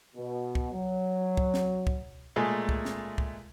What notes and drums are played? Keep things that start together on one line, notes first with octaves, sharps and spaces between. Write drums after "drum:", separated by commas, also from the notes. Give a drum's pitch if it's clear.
B2
drum: kick
F#3
drum: kick
drum: snare
drum: kick
A#2 G#3 A3 G#4
drum: kick
drum: snare
drum: kick